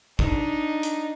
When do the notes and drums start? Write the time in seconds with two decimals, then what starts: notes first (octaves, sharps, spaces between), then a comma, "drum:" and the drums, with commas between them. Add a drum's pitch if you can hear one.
0.19 D4 D#4, drum: kick
0.83 drum: hi-hat